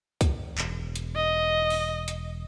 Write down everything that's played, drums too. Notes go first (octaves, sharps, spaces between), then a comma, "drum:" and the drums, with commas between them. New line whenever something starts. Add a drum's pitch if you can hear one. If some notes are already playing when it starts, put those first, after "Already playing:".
drum: kick, hi-hat
E1, drum: clap
drum: hi-hat
D#5
drum: open hi-hat
drum: hi-hat